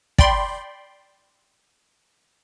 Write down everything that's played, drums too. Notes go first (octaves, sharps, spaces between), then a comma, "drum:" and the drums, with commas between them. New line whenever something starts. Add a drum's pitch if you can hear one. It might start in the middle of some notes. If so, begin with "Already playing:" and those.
D5 G5 B5 C6, drum: kick